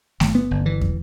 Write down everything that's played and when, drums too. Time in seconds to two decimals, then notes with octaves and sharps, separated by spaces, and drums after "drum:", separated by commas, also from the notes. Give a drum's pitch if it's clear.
0.20 G1, drum: snare A3
0.35 B3
0.51 G1
0.66 E3
0.81 drum: kick